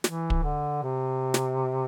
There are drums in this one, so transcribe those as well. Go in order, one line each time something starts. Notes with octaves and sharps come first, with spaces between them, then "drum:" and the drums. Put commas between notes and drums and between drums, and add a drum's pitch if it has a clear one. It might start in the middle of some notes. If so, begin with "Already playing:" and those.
E3, drum: snare
drum: kick
D3
C3
drum: snare